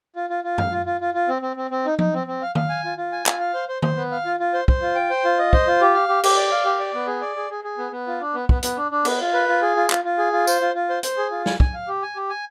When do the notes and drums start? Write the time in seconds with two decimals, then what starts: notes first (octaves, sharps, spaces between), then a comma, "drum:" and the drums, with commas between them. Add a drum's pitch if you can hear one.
0.16 F4
0.30 F4
0.44 F4
0.58 F5, drum: tom F#2
0.71 F4
0.86 F4
1.01 F4
1.14 F4
1.29 C4
1.42 C4
1.56 C4
1.71 C4
1.86 D#4
1.99 D#4, drum: tom F3
2.14 C4
2.27 C4
2.42 F5
2.55 F5, drum: tom D#3
2.69 G#5
2.84 F4
2.97 F4
3.12 G#5
3.26 F4, drum: clap
3.40 F5
3.54 C5
3.69 C5
3.82 C5, drum: tom D#3
3.97 B3
4.11 F5
4.25 F4
4.40 F4
4.54 C5
4.68 C5, drum: kick
4.82 F4
4.95 G5
5.10 C5
5.25 F4
5.39 D#5
5.53 C5, drum: kick
5.67 F4
5.81 G4
5.94 F5
6.08 G4
6.23 G4, drum: cymbal
6.37 D5
6.52 F5
6.65 G4
6.80 D5
6.94 B3
7.07 G#4
7.21 D5
7.36 G#4
7.51 G#4
7.64 G#4
7.78 B3
7.92 B3
8.07 F4
8.21 D4
8.34 B3
8.49 B3, drum: kick
8.63 B3, drum: hi-hat
8.77 D4
8.91 D4
9.05 B3, drum: cymbal
9.20 F4
9.34 B4
9.48 F4
9.62 G#4
9.76 F4
9.90 F4, drum: clap
10.04 F4
10.18 G#4
10.33 F4
10.47 C5, drum: tambourine
10.61 F4
10.74 F4
10.90 C5
11.03 C5, drum: hi-hat
11.18 G#4
11.31 F4
11.46 G#5, drum: snare
11.60 G#5, drum: kick
11.74 F5
11.88 G4
12.03 G#5
12.16 G4
12.30 G#5